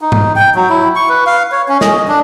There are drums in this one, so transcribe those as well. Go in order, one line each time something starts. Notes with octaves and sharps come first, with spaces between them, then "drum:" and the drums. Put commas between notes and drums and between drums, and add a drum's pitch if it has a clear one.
D#4
drum: tom G#2
G5
F#3
E4
C#6
B4
F5
C#5
C#4
D#5, drum: snare
D4